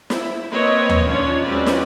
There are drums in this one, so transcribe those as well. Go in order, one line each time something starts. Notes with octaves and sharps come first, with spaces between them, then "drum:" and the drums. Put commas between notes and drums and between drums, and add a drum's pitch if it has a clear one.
E4, drum: snare
A#3 C4 B4 C#5 D#5
drum: tom D#2
D#3 F3 C#4 D4 F4 C#5
F#3 G#3 C4 C#4 B4 D5
drum: snare